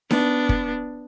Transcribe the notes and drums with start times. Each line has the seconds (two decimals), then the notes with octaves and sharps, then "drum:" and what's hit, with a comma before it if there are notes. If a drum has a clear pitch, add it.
0.11 B3 D4, drum: snare D#4
0.49 drum: kick